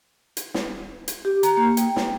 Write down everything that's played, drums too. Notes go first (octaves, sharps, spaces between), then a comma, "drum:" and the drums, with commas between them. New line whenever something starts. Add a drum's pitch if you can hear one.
drum: hi-hat
drum: snare
drum: hi-hat
G4
A#5, drum: hi-hat
A#3
G5, drum: hi-hat
drum: snare